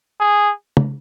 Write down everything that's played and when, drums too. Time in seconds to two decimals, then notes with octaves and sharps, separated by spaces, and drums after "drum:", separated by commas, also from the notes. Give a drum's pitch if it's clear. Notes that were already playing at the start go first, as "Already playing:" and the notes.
0.20 G#4
0.77 drum: tom